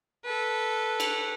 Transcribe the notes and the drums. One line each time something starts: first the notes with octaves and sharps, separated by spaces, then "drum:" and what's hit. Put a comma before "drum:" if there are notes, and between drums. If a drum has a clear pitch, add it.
A4 B4
drum: cymbal